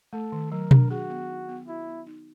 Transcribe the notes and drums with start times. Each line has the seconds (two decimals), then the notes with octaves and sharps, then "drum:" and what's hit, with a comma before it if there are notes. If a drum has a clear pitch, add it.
0.13 A3 A4
0.32 D#3
0.52 F#3 A#4
0.71 D4, drum: tom B2
0.90 F#4 G#4
1.10 B3
1.29 D#4
1.49 B3
1.67 E4 F#4
1.87 B3
2.06 D#4